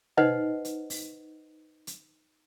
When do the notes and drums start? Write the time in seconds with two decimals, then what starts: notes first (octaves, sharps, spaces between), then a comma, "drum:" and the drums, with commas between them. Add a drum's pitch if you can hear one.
0.17 D#4 B4 C5 D#5 F#5, drum: tom B2
0.65 drum: hi-hat
0.90 drum: open hi-hat
1.87 drum: hi-hat